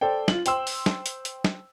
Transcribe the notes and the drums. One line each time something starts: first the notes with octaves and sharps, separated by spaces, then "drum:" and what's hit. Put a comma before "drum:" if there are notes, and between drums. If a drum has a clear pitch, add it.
A4 C5 D5 G5
F4 F#7, drum: snare
C5 G5 C6 E6, drum: hi-hat
drum: open hi-hat
drum: snare
drum: hi-hat
drum: hi-hat
drum: snare